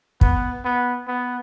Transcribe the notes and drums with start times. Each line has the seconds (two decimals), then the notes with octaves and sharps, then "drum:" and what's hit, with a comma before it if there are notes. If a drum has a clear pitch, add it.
0.21 B3, drum: kick
0.65 B3
1.07 B3